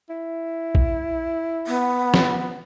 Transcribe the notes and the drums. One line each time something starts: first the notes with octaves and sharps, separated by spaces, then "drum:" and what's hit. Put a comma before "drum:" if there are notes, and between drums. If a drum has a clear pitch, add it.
E4
drum: kick
B3
drum: snare